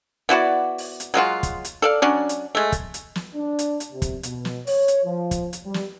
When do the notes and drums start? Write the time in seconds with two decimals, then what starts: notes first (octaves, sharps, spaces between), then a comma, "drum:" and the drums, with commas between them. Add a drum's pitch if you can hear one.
0.29 B3 E4 F#4 D5
0.78 drum: open hi-hat
1.00 drum: hi-hat
1.14 F#3 G#3 F4 F#4
1.43 drum: kick, hi-hat
1.65 drum: hi-hat
1.82 A4 D5 F5
2.02 F#3 C#4 D4
2.29 drum: hi-hat
2.55 G#3 A3
2.72 drum: kick, hi-hat
2.94 drum: hi-hat
3.15 drum: snare
3.35 D4
3.59 drum: hi-hat
3.80 drum: hi-hat
3.92 C3
4.02 drum: kick, hi-hat
4.23 B2, drum: hi-hat
4.45 drum: snare
4.67 C#5, drum: open hi-hat
4.88 drum: hi-hat
5.04 F3
5.31 drum: kick, hi-hat
5.53 drum: hi-hat
5.65 G3
5.74 drum: snare